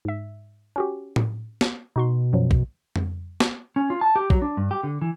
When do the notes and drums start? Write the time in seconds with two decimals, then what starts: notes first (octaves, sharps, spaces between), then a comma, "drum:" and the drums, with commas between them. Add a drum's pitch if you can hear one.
0.05 G#2 E5
0.76 C#4 F#4 G4
1.16 drum: tom A2
1.61 drum: snare
1.96 B2 D#4 F#4 C6
2.33 F#2 F3 F#3
2.51 drum: kick
2.96 drum: tom F2
3.40 drum: snare
3.76 C#4
3.90 F4
4.01 A5
4.16 G4
4.30 F#3, drum: kick
4.42 D4
4.57 G2
4.71 G4
4.83 D3
5.02 E3